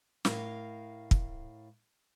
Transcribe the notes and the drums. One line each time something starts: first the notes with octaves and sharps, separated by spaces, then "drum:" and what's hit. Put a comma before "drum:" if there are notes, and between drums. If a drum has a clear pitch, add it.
A2 A#4 F5, drum: snare
drum: kick